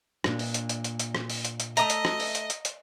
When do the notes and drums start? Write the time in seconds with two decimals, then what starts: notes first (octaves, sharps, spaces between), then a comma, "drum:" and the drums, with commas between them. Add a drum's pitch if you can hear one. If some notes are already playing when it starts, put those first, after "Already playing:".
0.24 A#2 D4, drum: rim click
0.39 drum: open hi-hat
0.54 drum: hi-hat
0.69 drum: hi-hat
0.84 drum: hi-hat
0.99 drum: hi-hat
1.15 drum: rim click
1.30 drum: open hi-hat
1.45 drum: hi-hat
1.60 drum: hi-hat
1.77 A3 D#5 E5 A#5 D#6, drum: hi-hat
1.90 drum: hi-hat
2.05 drum: rim click
2.20 drum: open hi-hat
2.35 drum: hi-hat
2.50 drum: hi-hat
2.65 drum: hi-hat